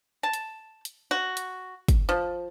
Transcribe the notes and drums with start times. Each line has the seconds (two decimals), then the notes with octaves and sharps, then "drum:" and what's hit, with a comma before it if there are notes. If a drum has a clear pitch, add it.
0.23 A5
0.33 drum: hi-hat
0.85 drum: hi-hat
1.11 F#4
1.37 drum: hi-hat
1.88 drum: kick, hi-hat
2.09 F3